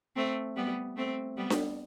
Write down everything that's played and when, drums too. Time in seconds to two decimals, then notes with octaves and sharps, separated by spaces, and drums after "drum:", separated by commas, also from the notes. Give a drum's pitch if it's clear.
0.16 A3 C4
0.56 G3 B3
0.96 A3 C4
1.37 G3 B3
1.50 drum: snare D4